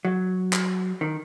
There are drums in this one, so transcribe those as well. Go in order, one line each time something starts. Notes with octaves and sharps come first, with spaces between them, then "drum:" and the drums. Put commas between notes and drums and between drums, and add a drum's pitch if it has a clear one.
F#3
drum: clap
D#3